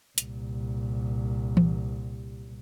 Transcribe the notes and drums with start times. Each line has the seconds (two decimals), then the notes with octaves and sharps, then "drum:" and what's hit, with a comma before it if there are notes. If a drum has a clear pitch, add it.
0.18 C2 A#2, drum: hi-hat
1.57 drum: tom E3